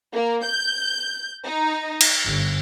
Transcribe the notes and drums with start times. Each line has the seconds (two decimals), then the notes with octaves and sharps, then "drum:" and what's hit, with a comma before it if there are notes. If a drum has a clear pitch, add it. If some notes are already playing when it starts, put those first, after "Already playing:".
0.13 A#3
0.45 G6
1.43 D#4
2.01 drum: cymbal
2.26 G1